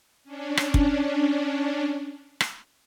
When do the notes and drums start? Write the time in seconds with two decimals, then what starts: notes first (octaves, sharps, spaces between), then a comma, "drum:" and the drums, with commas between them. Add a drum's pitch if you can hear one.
0.24 C#4 D4
0.57 drum: rim click
0.74 drum: kick
2.41 drum: rim click